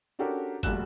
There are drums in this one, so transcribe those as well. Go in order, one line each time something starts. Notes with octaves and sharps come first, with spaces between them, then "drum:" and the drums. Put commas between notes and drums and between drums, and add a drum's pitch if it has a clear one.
C#4 D4 F#4 G4 A4 A#4
F1 A#1 G3 F#4 F#6 E7, drum: kick, hi-hat